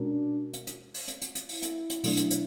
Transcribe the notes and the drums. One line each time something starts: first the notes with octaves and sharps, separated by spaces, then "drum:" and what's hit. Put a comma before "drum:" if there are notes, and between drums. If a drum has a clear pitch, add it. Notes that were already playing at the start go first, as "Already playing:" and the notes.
Already playing: B2 G#3 C#4 D4 F#4 A#4
drum: hi-hat
drum: hi-hat
drum: open hi-hat
drum: hi-hat
drum: hi-hat
drum: hi-hat
E4, drum: open hi-hat
drum: hi-hat
drum: hi-hat
B2 F#3 A3 D4, drum: open hi-hat
drum: hi-hat
drum: hi-hat